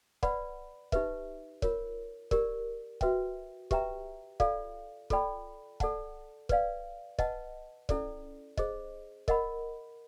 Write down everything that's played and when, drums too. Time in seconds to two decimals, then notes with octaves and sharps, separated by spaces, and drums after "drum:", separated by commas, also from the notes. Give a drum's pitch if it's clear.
0.23 B4 D5 F#5 B5, drum: kick
0.92 D#4 G4 B4 E5, drum: kick
1.62 F4 A#4 C#5, drum: kick
2.31 G4 A#4 D5, drum: kick
3.01 F#4 B4 E5 G5, drum: kick
3.71 G4 B4 E5 G5 A#5, drum: kick
4.40 F4 A4 D5 F5, drum: kick
5.10 F4 A4 D5 G5 B5, drum: kick
5.80 A4 D5 F#5 A5, drum: kick
6.49 B4 D5 F5, drum: kick
7.19 B4 D#5 F#5 A5, drum: kick
7.89 C#4 E4 A4 D5, drum: kick
8.57 G#4 C5 D#5, drum: kick
9.28 A#4 D#5 F#5 B5, drum: kick